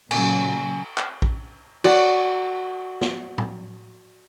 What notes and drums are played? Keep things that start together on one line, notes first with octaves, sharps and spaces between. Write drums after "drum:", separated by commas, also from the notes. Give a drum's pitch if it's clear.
A#2 C#3 F#3 G#5, drum: cymbal
drum: clap
drum: kick
F#4 D5 F#5, drum: cymbal
drum: snare
drum: tom A2